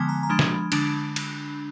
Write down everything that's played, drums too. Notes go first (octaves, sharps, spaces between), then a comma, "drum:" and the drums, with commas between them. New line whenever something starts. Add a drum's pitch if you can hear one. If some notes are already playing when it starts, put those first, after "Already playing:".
Already playing: D3 F3 G#3 B3 G#5
A#5
A#5
F3 G#3 D4 B5
drum: snare
D3 G#3 D4, drum: cymbal
drum: cymbal